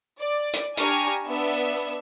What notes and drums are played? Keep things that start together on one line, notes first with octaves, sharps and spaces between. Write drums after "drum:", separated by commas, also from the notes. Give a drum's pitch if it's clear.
D5
drum: hi-hat
D4 G4 G#5 A#5 C#6 F6, drum: hi-hat
B3 D4 E5